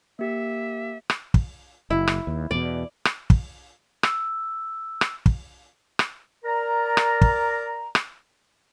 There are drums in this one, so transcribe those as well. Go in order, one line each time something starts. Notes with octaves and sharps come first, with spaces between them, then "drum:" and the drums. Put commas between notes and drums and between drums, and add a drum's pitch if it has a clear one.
A#3 G4 E5
drum: rim click
drum: kick
F#1 E4
drum: rim click
D#2
E2 B2 D5
drum: rim click
drum: kick
E6, drum: rim click
drum: rim click
drum: kick
drum: rim click
A#4 D5 A#5
drum: rim click
drum: kick
drum: rim click